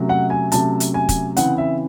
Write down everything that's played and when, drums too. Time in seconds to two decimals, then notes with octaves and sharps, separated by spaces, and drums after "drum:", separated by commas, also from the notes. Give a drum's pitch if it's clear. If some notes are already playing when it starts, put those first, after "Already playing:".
Already playing: C3 F#3 A3 C#4
0.09 F#5
0.30 G#5
0.52 C3 F#3 A3 C#4 A5, drum: hi-hat
0.80 drum: hi-hat
0.94 G#5
1.09 drum: kick, hi-hat
1.37 C#3 E3 C4 F#5, drum: hi-hat
1.58 E5